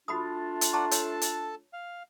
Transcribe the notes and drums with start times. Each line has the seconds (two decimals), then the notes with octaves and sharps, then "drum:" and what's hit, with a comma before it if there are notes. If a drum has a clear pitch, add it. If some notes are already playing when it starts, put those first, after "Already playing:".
0.08 A3 D4 F4 F#4 B5 D#6
0.61 drum: hi-hat
0.73 D5 F#5 A5 A#5 C#6
0.91 A4 C#5 A5, drum: hi-hat
1.21 drum: hi-hat
1.73 F5